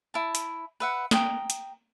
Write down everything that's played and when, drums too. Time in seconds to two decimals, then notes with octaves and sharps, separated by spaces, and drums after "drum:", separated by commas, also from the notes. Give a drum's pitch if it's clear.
0.14 E4 A5
0.35 drum: hi-hat
0.80 B4 E5 F#5
1.11 G5 A#5 D#6, drum: snare
1.50 drum: hi-hat